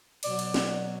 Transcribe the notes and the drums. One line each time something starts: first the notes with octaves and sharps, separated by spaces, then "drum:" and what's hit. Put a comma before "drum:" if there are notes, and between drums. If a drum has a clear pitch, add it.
B2 F#3 D5, drum: cymbal
drum: cymbal
drum: snare